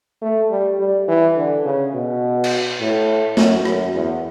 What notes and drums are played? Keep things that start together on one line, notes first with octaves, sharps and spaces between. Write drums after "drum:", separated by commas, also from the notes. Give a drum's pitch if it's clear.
A3
G3
G3
E3
D3
C#3
B2
drum: cymbal
A2
F#2, drum: snare
F#2, drum: rim click
E2